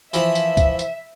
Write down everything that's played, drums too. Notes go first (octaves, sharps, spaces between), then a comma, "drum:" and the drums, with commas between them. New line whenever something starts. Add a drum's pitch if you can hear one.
E3 F3 E5, drum: tambourine
drum: tambourine
drum: kick, tambourine
drum: tambourine